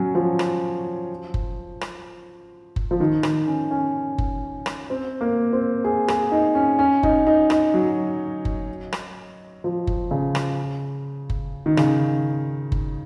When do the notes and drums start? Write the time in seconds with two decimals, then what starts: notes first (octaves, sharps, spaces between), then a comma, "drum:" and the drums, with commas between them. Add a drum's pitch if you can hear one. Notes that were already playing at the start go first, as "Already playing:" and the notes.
Already playing: F#3 C#4 F#4
0.15 F3
0.39 drum: rim click
1.34 drum: kick F#1
1.81 drum: rim click
2.76 drum: kick F#1
2.91 F3
3.00 D#3
3.23 D#3, drum: rim click
3.47 C#4
3.71 C#4
4.18 drum: kick F#1
4.66 drum: rim click
4.90 C4
5.21 A#3
5.53 C4
5.84 G#4
6.08 G#4, drum: rim click
6.32 D#4
6.55 C#4
6.79 C#4
7.03 D#4, drum: kick F#1
7.27 D#4
7.50 D#4, drum: rim click
7.74 F#3
8.45 drum: kick F#1
8.93 drum: rim click
9.64 F3
9.87 drum: kick F#1
10.11 C#3
10.35 drum: rim click
11.30 drum: kick F#1
11.66 D#3
11.77 C#3, drum: rim click
12.72 drum: kick F#1